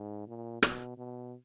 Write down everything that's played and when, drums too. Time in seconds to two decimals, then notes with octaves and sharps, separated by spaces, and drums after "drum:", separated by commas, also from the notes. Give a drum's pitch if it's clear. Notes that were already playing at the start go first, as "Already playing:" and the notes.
Already playing: G#2
0.27 A#2
0.63 B2, drum: rim click
0.98 B2